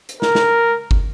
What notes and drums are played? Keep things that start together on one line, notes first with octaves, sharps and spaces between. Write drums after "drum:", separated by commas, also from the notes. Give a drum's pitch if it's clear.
drum: hi-hat
A#4, drum: snare
drum: snare
drum: kick G1